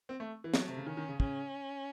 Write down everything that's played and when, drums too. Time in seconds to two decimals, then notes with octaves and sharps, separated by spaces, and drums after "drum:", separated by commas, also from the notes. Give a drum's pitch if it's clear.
0.09 C4
0.20 A3
0.44 E3
0.54 F#3 A3, drum: snare
0.69 C3
0.77 C#3
0.86 D#3 C#4
0.97 D#3
1.09 C#3
1.20 C#3 C#4, drum: kick